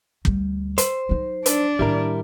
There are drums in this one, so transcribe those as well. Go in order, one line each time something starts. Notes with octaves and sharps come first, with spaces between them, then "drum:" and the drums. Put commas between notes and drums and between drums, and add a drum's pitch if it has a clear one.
D2 G3, drum: kick
C5, drum: hi-hat
F#3 D#4
D4, drum: hi-hat
A2 D#3 G3 E4 A#4